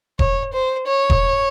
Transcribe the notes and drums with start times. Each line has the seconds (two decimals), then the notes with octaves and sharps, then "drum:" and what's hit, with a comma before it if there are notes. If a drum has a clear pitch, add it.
0.19 C#5, drum: kick E1
0.53 C5
0.87 C#5
1.10 drum: kick E1